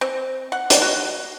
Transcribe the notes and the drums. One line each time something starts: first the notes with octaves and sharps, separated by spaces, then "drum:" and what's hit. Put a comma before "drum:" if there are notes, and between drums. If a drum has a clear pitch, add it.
C4
F#5
drum: hi-hat
F#4